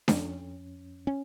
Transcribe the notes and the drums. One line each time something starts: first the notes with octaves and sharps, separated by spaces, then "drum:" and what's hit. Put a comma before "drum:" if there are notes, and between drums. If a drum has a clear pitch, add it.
F2 C#4, drum: snare D4
C#4